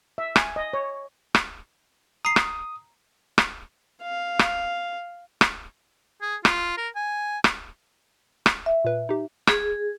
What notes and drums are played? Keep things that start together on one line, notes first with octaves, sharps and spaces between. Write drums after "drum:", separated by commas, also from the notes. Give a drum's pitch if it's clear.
E5
G#5, drum: rim click
D#5
C#5
drum: rim click
A#5 D#6 C7
drum: rim click
drum: rim click
F5
drum: rim click
drum: rim click
G#4
F4, drum: rim click
A#4
G#5
drum: rim click
drum: rim click
E5
A#2 B4
D#4 G4
G#4, drum: rim click